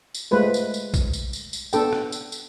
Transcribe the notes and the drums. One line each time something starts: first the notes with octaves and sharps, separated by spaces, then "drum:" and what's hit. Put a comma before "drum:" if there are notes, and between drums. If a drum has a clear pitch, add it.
drum: tambourine
G#3 A3 F4 B4 C5
drum: tambourine
drum: tambourine
drum: kick B1, tambourine
drum: tambourine
drum: tambourine
drum: tambourine
B3 D4 A4 G5, drum: tambourine
drum: rim click
drum: tambourine
drum: tambourine